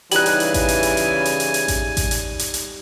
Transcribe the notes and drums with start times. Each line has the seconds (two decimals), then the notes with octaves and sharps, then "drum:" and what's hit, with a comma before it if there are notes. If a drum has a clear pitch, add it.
0.12 C#3 E3 G3 D#4 G#5 F#6 F#7, drum: hi-hat
0.26 drum: hi-hat
0.40 drum: hi-hat
0.54 drum: kick A1, hi-hat
0.68 drum: hi-hat
0.83 drum: hi-hat
0.97 drum: hi-hat
1.25 drum: hi-hat
1.40 drum: hi-hat
1.54 drum: hi-hat
1.68 drum: kick A1, hi-hat
1.97 drum: kick A1, hi-hat
2.11 drum: hi-hat
2.39 drum: hi-hat
2.54 drum: hi-hat